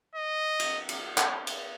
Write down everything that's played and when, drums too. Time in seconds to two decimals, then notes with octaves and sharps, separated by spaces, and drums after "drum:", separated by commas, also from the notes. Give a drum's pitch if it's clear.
0.15 D#5
0.59 drum: cymbal
0.89 drum: cymbal
1.18 drum: clap
1.47 drum: cymbal